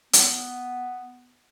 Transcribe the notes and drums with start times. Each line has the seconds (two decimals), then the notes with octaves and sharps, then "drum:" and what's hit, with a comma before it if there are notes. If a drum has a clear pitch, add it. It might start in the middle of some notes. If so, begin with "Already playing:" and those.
0.13 B3, drum: hi-hat